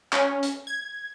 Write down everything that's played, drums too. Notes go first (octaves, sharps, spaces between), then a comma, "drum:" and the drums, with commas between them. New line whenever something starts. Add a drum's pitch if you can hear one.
C#4, drum: clap
drum: hi-hat
G#6